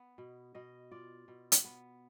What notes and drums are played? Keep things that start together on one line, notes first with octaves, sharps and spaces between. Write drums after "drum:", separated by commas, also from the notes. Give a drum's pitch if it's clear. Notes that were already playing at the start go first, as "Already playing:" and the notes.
Already playing: B3
B2
B2 D#5
F4 D5
B2
drum: hi-hat
B3